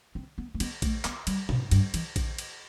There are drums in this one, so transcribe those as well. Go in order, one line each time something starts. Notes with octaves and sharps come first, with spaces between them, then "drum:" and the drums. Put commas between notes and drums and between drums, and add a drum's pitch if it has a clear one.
C4
B3
A3
B3, drum: cymbal
A3, drum: kick A#1, cymbal
B3, drum: clap
G3, drum: cymbal
B2, drum: tom G#2
G2, drum: cymbal
E3, drum: cymbal
D3, drum: kick A#1, cymbal
drum: cymbal